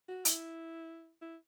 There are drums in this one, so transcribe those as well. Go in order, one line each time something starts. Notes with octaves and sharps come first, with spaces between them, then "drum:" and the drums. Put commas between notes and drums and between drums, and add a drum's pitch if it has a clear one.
F#4
E4, drum: hi-hat
E4